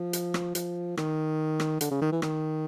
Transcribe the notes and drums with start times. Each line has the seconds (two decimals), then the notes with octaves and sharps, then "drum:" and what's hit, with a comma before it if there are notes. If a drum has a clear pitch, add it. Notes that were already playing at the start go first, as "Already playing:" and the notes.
Already playing: F3
0.13 drum: hi-hat
0.34 drum: rim click
0.55 F3, drum: hi-hat
0.97 D#3, drum: rim click
1.60 drum: rim click
1.81 D3, drum: hi-hat
1.91 C#3
2.01 D#3
2.12 E3
2.22 D#3, drum: rim click